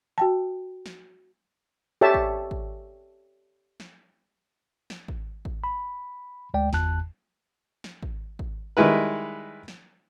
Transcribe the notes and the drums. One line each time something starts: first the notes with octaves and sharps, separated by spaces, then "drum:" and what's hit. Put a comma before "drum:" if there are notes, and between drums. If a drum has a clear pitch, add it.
F#4 G5 A5
drum: snare
G4 A4 C#5 E5 A5
drum: kick G#1
drum: kick G#1
drum: snare
drum: snare
drum: kick G#1
drum: kick G#1
B5
D2 G#3 D5 G5
G1 E2 A5 F#6, drum: snare
drum: snare
drum: kick G#1
drum: kick G#1
D#3 G3 G#3 E4 B4
drum: snare